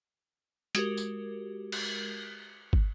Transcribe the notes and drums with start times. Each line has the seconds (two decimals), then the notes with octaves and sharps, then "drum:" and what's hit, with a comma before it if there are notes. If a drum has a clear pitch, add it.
0.75 G#3 F#4 G4 A#4, drum: hi-hat
0.97 drum: tambourine
1.72 drum: cymbal
2.73 drum: kick